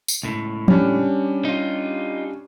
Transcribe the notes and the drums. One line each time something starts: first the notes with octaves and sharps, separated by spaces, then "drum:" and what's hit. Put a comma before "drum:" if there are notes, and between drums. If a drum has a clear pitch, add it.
drum: tambourine
C#2 A2
G3 C#4 D4, drum: tom F3
D#4 F4